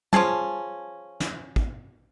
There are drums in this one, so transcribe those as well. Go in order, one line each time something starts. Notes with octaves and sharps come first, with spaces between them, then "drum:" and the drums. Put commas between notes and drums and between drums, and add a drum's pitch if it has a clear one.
F3 C#4 G#4 A5, drum: tom
drum: snare
drum: kick